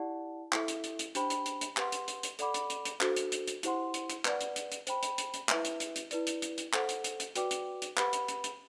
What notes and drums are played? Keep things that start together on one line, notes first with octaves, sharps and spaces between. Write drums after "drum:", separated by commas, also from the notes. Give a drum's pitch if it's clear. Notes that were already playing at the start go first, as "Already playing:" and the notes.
Already playing: E4 G4 D5 F#5 A5
E4 A4 E5, drum: clap
drum: hi-hat
drum: hi-hat
drum: hi-hat
D4 G4 C5 G5 B5, drum: hi-hat
drum: hi-hat
drum: hi-hat
drum: hi-hat
G4 B4 F#5 C6, drum: clap
drum: hi-hat
drum: hi-hat
drum: hi-hat
A4 D5 F#5 B5 D6, drum: hi-hat
drum: hi-hat
drum: hi-hat
drum: hi-hat
D4 F#4 A4 C5, drum: clap
drum: hi-hat
drum: hi-hat
drum: hi-hat
E4 G4 C5 F#5 C6, drum: hi-hat
drum: hi-hat
drum: hi-hat
B4 D5 F#5, drum: clap
drum: hi-hat
drum: hi-hat
drum: hi-hat
C5 G5 B5, drum: hi-hat
drum: hi-hat
drum: hi-hat
drum: hi-hat
E4 B4 E5, drum: clap
drum: hi-hat
drum: hi-hat
drum: hi-hat
E4 B4 D5, drum: hi-hat
drum: hi-hat
drum: hi-hat
drum: hi-hat
A4 C5 F#5, drum: clap
drum: hi-hat
drum: hi-hat
drum: hi-hat
F#4 B4 D5 G5 D6, drum: hi-hat
drum: hi-hat
drum: hi-hat
G4 B4 F#5 B5, drum: clap
drum: hi-hat
drum: hi-hat
drum: hi-hat